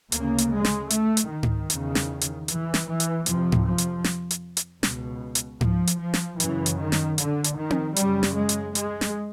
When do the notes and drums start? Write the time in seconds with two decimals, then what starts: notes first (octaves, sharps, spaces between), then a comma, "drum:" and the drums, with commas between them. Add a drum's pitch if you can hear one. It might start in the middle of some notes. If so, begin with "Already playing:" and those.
0.12 D2 C#3 A#3, drum: hi-hat
0.38 drum: hi-hat
0.52 G#3
0.65 drum: snare
0.90 A3, drum: hi-hat
1.17 drum: hi-hat
1.30 D#3
1.43 drum: tom G#2
1.70 E2 C#3, drum: hi-hat
1.95 drum: snare
2.21 drum: hi-hat
2.48 E3, drum: hi-hat
2.74 drum: snare
2.87 E3
3.00 drum: hi-hat
3.26 F2 C3 F3, drum: hi-hat
3.52 drum: tom G#2
3.65 F3
3.78 drum: hi-hat
4.04 drum: snare
4.31 drum: hi-hat
4.57 drum: hi-hat
4.83 C#2 B2, drum: snare
5.35 drum: hi-hat
5.61 F3, drum: tom G#2
5.87 drum: hi-hat
6.00 F3
6.14 drum: snare
6.40 F#2 C#3 E3, drum: hi-hat
6.66 drum: hi-hat
6.80 D#3
6.92 drum: snare
7.18 D3, drum: hi-hat
7.44 drum: hi-hat
7.58 D#3
7.70 drum: tom C4
7.96 F#2 C#3 G3, drum: hi-hat
8.23 drum: snare
8.36 G#3
8.49 drum: hi-hat
8.75 G#3, drum: hi-hat
9.01 drum: snare